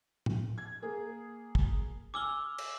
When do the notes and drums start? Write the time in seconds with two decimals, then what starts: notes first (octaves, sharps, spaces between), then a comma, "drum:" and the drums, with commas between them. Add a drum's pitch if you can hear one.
0.26 drum: tom A2
0.58 G#6
0.82 A#3 G#4
1.55 drum: kick
2.14 G#5 D6 E6 F6 G7
2.58 drum: cymbal